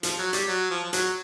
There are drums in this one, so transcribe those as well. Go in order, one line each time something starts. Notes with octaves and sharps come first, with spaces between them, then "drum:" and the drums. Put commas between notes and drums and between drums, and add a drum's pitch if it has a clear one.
F3, drum: hi-hat
F#3
G3, drum: hi-hat
F#3
F3
F3
F#3, drum: hi-hat